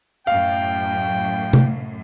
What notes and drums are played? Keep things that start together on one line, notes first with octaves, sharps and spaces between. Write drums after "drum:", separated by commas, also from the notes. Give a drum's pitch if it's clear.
F#2 A2 F5 G5
drum: tom C3